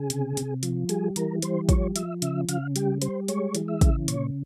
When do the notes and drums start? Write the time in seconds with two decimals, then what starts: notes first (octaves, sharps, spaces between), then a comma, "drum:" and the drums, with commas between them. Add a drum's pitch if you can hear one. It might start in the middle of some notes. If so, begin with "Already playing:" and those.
Already playing: C#3 G#4
0.10 C3, drum: hi-hat
0.37 C3, drum: hi-hat
0.63 F3, drum: hi-hat
0.89 G3 G#4, drum: hi-hat
1.16 E3 A#4, drum: hi-hat
1.42 G3 C5, drum: hi-hat
1.69 F3 C#5, drum: kick, hi-hat
1.96 F3 E5, drum: hi-hat
2.22 C#3 E5, drum: hi-hat
2.49 C#3 F5, drum: hi-hat
2.76 G3 G4, drum: hi-hat
3.02 G3 C5, drum: hi-hat
3.28 G#3 C#5, drum: hi-hat
3.55 E3, drum: hi-hat
3.68 E5
3.81 C#3, drum: kick, hi-hat
4.08 A#2 C#5, drum: hi-hat